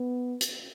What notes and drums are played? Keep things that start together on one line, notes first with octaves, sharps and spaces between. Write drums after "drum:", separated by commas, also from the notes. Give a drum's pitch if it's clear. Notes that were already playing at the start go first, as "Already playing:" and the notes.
Already playing: B3
drum: hi-hat